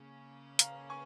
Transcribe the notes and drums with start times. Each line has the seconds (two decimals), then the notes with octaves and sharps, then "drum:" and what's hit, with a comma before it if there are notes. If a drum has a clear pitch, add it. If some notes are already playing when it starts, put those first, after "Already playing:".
Already playing: C#3 A#3 C#4
0.59 F5 A#5, drum: hi-hat
0.90 G#5 C#6